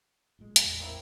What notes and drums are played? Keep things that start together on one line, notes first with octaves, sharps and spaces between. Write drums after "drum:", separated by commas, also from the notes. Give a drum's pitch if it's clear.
A1 A#2 G#3
drum: hi-hat
E2
A#3 C4 E4